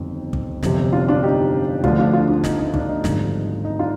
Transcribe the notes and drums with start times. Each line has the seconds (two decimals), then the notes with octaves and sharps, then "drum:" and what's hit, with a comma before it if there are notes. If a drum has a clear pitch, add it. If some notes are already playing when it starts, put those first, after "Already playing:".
Already playing: G1 F2 D#3
0.33 drum: kick
0.63 G1 F2 C3 F3, drum: snare
0.93 D4 F4
1.08 D4 F4
1.23 D#4 G4
1.84 D2 D3 F3 D4 F4, drum: kick
1.98 D4 F4
2.13 D4 F4
2.28 D4
2.44 D#4, drum: snare
2.59 D#4
2.74 D4, drum: kick
2.89 D#4
3.04 G#1 G2 D3 F3, drum: snare
3.65 D#4
3.79 D4 F4